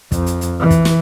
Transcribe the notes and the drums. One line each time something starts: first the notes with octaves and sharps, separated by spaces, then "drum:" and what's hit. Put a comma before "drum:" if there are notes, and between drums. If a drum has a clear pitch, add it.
F2, drum: kick, hi-hat
drum: hi-hat
drum: hi-hat
E3
drum: kick, hi-hat
drum: snare